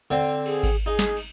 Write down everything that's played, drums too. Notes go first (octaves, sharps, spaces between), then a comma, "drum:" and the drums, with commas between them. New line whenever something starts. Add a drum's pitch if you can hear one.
D3 C4
G#4, drum: cymbal
drum: kick G#1, cymbal
D#4 G#4
drum: snare
drum: cymbal